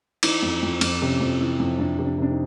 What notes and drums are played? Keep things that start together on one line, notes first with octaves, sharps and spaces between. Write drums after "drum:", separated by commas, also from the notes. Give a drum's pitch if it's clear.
E3 D#4, drum: cymbal
F2
F2
F2, drum: cymbal
C3 C#4
F2
E3
F2
F2 D4
C3
D4
C3 D4
D#4